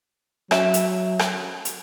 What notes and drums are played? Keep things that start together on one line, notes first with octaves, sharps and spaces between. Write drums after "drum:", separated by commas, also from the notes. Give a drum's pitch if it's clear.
F#3 C#4 E5, drum: rim click
drum: hi-hat
drum: rim click
drum: hi-hat